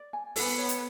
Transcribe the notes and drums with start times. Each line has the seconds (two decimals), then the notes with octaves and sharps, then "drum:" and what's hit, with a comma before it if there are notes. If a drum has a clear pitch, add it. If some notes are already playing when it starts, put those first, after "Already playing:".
Already playing: D5
0.13 G#5
0.36 B3 A4, drum: open hi-hat
0.58 C#5
0.69 drum: hi-hat